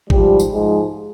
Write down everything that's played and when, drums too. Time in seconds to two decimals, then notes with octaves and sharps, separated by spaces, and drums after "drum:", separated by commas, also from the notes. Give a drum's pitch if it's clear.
0.10 G#2 F3 G3, drum: kick
0.40 drum: tambourine
0.51 G#2 F3 G#3